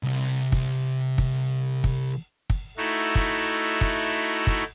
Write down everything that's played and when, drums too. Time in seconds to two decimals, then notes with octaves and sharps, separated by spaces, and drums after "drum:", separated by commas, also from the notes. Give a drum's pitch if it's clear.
0.03 C2 C3
0.52 drum: kick
1.18 drum: kick
1.84 drum: kick
2.50 drum: kick
2.77 A3 D#4 E4 F#4
3.15 drum: kick
3.81 drum: kick
4.47 drum: kick